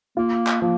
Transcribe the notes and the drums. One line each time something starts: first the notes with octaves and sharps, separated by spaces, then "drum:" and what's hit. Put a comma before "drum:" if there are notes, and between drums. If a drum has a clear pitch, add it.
A#3 F4
drum: clap
F3 A#3